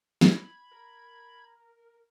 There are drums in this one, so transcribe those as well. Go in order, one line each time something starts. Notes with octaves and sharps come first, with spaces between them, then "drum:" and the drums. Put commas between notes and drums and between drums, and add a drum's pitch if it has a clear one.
B5 G#6, drum: snare
A#4